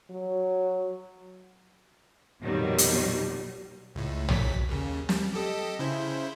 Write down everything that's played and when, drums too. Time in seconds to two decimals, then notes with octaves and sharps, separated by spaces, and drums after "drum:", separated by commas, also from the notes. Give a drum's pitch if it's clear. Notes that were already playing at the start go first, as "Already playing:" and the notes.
0.10 F#3
2.41 A#1 F2 B2 D#3 F#3 G3
2.78 drum: hi-hat
3.95 C#2 A2
4.29 A#1 F#3 B6, drum: tom
4.69 D#2 C#3
5.09 G3, drum: snare
5.34 G4 A4 D#5
5.79 C#3 E4 C5